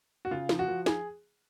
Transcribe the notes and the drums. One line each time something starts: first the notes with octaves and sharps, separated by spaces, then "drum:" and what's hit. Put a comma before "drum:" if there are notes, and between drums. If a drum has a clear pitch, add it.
F#4
C#3 F4
F3, drum: snare
F#4
F3
G#4, drum: snare